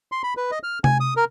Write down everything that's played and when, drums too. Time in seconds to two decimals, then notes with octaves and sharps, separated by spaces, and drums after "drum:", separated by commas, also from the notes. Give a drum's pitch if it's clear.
0.12 C6
0.23 B5
0.37 B4
0.51 D#5
0.63 F6
0.84 G#5, drum: tom C3
1.00 D#6
1.17 A#4